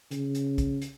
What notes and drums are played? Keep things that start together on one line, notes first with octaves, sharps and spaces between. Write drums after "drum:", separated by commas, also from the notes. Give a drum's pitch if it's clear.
C#3, drum: hi-hat
drum: hi-hat
drum: kick, hi-hat
drum: hi-hat